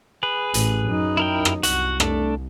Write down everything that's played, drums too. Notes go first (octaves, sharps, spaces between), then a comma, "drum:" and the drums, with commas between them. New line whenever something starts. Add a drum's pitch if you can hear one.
G#4 B4
A1, drum: hi-hat
F#2 D#4
E4 A#4 G5
drum: rim click
C2 F#4 F#5, drum: hi-hat
A3 D4 A4, drum: rim click